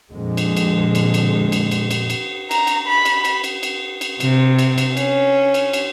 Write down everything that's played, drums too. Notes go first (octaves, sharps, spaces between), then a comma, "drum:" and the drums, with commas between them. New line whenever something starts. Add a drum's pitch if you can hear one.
F2 A#2 D3 G#3
drum: cymbal
drum: cymbal
drum: cymbal
drum: cymbal
drum: cymbal
drum: cymbal
drum: cymbal
drum: cymbal
A#5, drum: cymbal
drum: cymbal
B5
drum: cymbal
drum: cymbal
drum: cymbal
drum: cymbal
drum: cymbal
C3, drum: cymbal
drum: cymbal
drum: cymbal
C#4, drum: cymbal
drum: cymbal
drum: cymbal